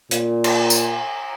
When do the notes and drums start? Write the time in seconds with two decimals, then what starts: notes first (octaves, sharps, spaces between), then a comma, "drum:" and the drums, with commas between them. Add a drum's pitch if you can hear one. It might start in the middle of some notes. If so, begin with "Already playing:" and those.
0.11 A#2, drum: hi-hat
0.44 drum: cymbal
0.70 drum: tambourine